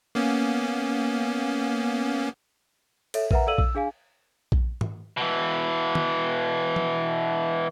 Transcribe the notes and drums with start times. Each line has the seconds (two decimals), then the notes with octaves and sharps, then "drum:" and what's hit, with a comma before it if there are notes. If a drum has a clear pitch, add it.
0.15 A#3 B3 C#4
3.14 A4 C#5 E5, drum: cymbal
3.31 A#4 B4 E5 F#5 A#5, drum: kick A#1
3.47 A4 D5 F5 E6 D#7 F#7
3.58 E6, drum: kick A#1
3.75 D4 G#4 F5 G#5
4.52 drum: kick A#1
4.81 drum: tom
5.17 B2 E3
5.95 drum: tom
6.76 drum: tom